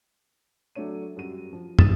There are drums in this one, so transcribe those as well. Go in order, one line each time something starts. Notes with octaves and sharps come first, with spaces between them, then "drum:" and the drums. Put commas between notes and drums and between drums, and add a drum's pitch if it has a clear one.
F#3 A3 D4 C#5 D#7
F#2 G3 F#4 D#7
F3
D#6 A6 B6 D#7 E7, drum: tom